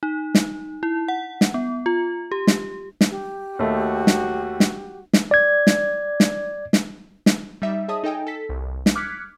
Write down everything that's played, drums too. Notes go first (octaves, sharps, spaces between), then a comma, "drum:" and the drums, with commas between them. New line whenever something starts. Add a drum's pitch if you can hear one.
D#4
drum: snare
E4
F#5
drum: snare
B3
F4
G4
drum: snare
drum: snare
G4
D#2 A3 F#4
drum: snare
drum: snare
drum: snare
D5 G#6
drum: snare
drum: snare
drum: snare
drum: snare
G3 D#4 E5
G#4 C#5 D#5 E5 A5 D#6
D#4 A4 D#5 G5 G#5
A4 B6
C2
drum: snare
D6 F6 F#6 G#6 B6 C#7